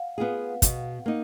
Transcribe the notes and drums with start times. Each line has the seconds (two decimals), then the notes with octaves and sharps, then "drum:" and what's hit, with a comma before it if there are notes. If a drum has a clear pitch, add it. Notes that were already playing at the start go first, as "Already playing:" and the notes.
Already playing: F5 F#5
0.18 B3 F4 G#4
0.62 B2, drum: kick, hi-hat
1.06 A#3 D#4